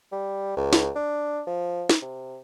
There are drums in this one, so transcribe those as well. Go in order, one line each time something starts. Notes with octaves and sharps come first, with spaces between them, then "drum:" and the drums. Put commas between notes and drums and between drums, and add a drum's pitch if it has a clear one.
G3
C#2
drum: snare
D4
F3
drum: snare
C3